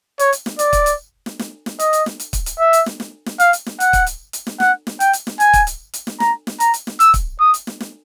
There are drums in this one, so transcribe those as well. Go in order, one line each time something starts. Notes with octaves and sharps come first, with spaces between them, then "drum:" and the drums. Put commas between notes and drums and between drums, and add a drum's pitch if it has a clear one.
C#5, drum: hi-hat
drum: hi-hat
drum: snare
D5, drum: hi-hat
drum: kick, hi-hat
drum: hi-hat
drum: snare
drum: snare
drum: snare
D#5, drum: hi-hat
drum: hi-hat
drum: snare
drum: hi-hat
drum: kick, hi-hat
drum: hi-hat
E5
drum: hi-hat
drum: snare
drum: snare
drum: snare
F5, drum: hi-hat
drum: hi-hat
drum: snare
F#5, drum: hi-hat
drum: kick, hi-hat
drum: hi-hat
drum: hi-hat
drum: snare
F#5, drum: snare
drum: snare
G5, drum: hi-hat
drum: hi-hat
drum: snare
G#5, drum: hi-hat
drum: kick, hi-hat
drum: hi-hat
drum: hi-hat
drum: snare
A#5, drum: snare
drum: snare
A#5, drum: hi-hat
drum: hi-hat
drum: snare
E6, drum: hi-hat
drum: kick, hi-hat
D#6
drum: hi-hat
drum: snare
drum: snare